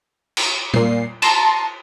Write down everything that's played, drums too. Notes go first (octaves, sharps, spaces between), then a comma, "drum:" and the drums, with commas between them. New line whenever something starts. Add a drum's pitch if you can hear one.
drum: cymbal
A#2 C7, drum: tom
A5 A#5 C6 A#6 C7, drum: cymbal